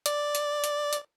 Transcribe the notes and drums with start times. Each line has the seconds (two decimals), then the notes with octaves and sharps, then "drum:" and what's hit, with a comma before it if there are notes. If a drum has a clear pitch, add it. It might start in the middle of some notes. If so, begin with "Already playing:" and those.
0.06 D5, drum: hi-hat
0.35 drum: hi-hat
0.64 drum: hi-hat
0.93 drum: hi-hat